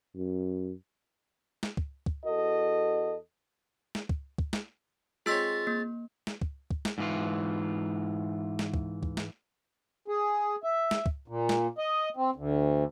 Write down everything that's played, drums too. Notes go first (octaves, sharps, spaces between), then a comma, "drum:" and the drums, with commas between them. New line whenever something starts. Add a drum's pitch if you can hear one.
F#2
drum: snare
drum: kick
drum: kick
E2 F#4 A4 D#5
drum: snare
drum: kick
drum: kick
drum: snare
G#3 C4 F4 C#5 E6 A6 B6
A#3
drum: snare
drum: kick
drum: kick
drum: snare
G#2 E3 F4
drum: snare
drum: kick
drum: kick
drum: snare
G#4
E5
drum: snare
drum: kick
A#2
drum: snare
D#5
C4
D2